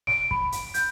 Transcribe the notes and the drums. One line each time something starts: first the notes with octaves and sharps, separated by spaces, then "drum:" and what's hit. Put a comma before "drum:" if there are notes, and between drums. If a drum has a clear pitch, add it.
D7, drum: snare
B5, drum: kick
drum: hi-hat
G6, drum: hi-hat